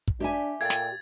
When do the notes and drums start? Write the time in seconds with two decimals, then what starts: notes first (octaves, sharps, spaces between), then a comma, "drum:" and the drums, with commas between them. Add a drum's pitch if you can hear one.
0.08 drum: kick
0.20 D4 G4 E5 G#5
0.61 A#2 A4 F5 G5 G#6 A6
0.70 drum: snare